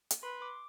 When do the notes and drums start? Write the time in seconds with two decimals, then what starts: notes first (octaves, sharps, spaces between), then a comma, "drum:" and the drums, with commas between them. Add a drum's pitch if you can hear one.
0.11 drum: hi-hat
0.23 B4 C6
0.42 D6